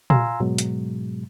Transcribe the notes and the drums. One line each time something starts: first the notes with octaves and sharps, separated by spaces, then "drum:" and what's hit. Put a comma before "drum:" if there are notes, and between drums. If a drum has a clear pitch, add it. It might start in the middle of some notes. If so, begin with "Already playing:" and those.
F5 G#5 A#5 C6 E6, drum: tom A#2
G#2 B2 F#3 G#3
drum: hi-hat